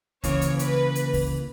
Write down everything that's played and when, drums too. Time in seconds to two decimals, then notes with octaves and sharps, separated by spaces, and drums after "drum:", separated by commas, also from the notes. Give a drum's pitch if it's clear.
0.24 C#3 E3 A#3 C#5, drum: kick C#2, hi-hat
0.41 drum: hi-hat
0.59 B4, drum: hi-hat
0.95 drum: hi-hat
1.13 drum: kick C#2, open hi-hat